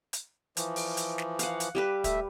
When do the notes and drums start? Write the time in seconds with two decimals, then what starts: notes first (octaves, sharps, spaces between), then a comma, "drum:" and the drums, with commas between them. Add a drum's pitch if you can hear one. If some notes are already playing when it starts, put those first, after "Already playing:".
0.13 drum: hi-hat
0.57 E3 F3, drum: hi-hat
0.76 drum: open hi-hat
0.97 drum: hi-hat
1.18 drum: snare
1.39 F5 F#5, drum: hi-hat
1.60 drum: hi-hat
1.75 G3 G4 B4
2.04 A3 E5, drum: kick, hi-hat